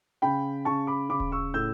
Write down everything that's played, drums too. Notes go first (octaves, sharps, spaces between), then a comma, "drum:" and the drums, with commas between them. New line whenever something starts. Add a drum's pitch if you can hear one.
C#3 G5 B5
C#3 A5 C#6
B5 D6
C#3 B5 D6
drum: kick D#1
C#6 E6
A2 E6 G6